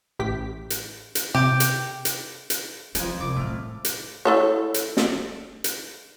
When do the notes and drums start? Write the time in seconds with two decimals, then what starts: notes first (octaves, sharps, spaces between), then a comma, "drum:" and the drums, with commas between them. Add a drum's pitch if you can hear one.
0.19 A1 G4 B6
0.70 drum: hi-hat
1.15 drum: hi-hat
1.35 C3 G4
1.60 drum: hi-hat
2.05 drum: hi-hat
2.50 drum: hi-hat
2.95 F2 F4 G#5, drum: hi-hat
3.20 C2 D6
3.36 A2 A3 F6
3.85 drum: hi-hat
4.25 E4 A4 C#5
4.74 drum: hi-hat
4.97 drum: snare
5.64 drum: hi-hat